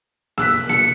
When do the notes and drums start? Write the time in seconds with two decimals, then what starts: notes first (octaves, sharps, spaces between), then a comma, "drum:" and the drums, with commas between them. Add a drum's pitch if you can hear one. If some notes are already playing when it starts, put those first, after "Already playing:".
0.38 E6 F#6 B6, drum: snare A#3
0.69 C#7, drum: snare A#3